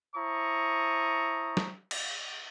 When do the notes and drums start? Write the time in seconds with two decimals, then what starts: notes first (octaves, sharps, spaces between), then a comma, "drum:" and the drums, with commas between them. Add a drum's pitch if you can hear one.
0.16 E4 C5 A5 A#5 C#6 D#6
1.57 drum: snare
1.91 drum: cymbal